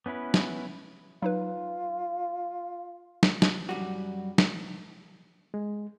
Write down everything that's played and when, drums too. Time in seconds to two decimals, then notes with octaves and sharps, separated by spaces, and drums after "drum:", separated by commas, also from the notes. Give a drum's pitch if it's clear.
0.06 B3 C#4 E4 B4
0.34 drum: snare
1.22 F#3 D#4 F4 B4
3.23 drum: snare
3.42 drum: snare
3.69 F#2 G3 F#4
4.38 drum: snare
5.54 G#3